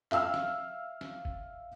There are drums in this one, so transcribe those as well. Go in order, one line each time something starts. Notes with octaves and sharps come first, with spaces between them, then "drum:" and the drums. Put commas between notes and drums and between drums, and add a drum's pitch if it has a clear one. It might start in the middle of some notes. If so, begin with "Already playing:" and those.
E5 F5 E6 F6, drum: clap
drum: snare
drum: snare
drum: kick F#1